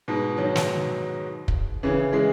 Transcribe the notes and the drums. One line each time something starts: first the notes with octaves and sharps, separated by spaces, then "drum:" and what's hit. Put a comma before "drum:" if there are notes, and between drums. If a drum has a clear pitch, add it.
G#2 B2
D#3 F#3
drum: snare
drum: kick
C#3 E3
E3 G#3